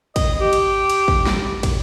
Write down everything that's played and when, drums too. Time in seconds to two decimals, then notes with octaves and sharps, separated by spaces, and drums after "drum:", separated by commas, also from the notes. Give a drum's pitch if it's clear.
0.16 D#5, drum: kick, cymbal
0.40 G4
0.53 drum: cymbal
0.90 drum: cymbal
1.08 drum: kick
1.26 drum: snare
1.63 drum: kick, cymbal